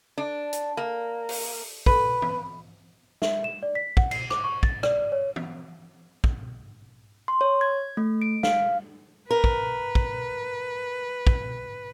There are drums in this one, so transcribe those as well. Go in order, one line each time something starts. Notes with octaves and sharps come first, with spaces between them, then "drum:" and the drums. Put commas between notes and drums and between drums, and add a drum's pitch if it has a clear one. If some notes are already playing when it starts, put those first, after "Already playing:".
D4
drum: hi-hat
A#3
drum: open hi-hat
B4, drum: kick
drum: tom E3
E5, drum: snare
E7
D5
B6
F#5, drum: kick
C7, drum: cymbal
D6, drum: rim click
C#6
A6, drum: kick
D5, drum: rim click
C#5
drum: tom E3
drum: kick
C6
C#5
G#6
A3
D7
F5, drum: snare
A#4 B4
drum: kick
drum: kick
drum: kick